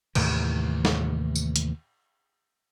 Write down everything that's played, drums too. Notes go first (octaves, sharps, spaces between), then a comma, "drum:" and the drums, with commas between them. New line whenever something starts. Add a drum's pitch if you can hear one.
D#2 A2 C3 E3, drum: cymbal
drum: snare
drum: tambourine
drum: hi-hat